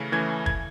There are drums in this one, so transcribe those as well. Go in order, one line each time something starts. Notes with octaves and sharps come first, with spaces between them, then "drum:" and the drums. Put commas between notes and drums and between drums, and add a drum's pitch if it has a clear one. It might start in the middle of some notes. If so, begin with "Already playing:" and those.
Already playing: C#3 E3 A3 C#4
E3 A3 C#4 G#6
G#6, drum: kick